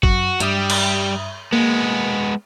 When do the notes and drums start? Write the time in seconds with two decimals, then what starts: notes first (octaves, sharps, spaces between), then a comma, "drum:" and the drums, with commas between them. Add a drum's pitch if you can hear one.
0.03 F#2 F#4, drum: kick
0.40 G2 G3 G4 E5 D#6, drum: hi-hat
0.70 drum: cymbal
1.52 G#3 A#3 B3